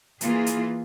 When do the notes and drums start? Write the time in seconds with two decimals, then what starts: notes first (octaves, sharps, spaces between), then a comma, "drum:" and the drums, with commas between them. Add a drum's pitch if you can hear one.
0.21 E3 A#3 F4 G#4, drum: hi-hat
0.46 drum: hi-hat